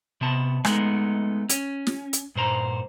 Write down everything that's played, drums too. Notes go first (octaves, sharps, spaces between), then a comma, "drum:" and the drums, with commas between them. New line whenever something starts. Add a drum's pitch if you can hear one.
C3 B3 A5
G#3 A3 B3 D#4, drum: rim click
C#4, drum: hi-hat
drum: snare
drum: hi-hat
G2 A#2 C5 A#5